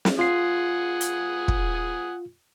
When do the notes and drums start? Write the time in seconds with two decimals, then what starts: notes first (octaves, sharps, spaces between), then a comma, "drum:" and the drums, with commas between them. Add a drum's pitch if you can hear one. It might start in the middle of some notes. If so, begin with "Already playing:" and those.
0.05 drum: snare
0.19 F4 F#5 G#5 D#6 C7
1.01 drum: hi-hat
1.48 drum: kick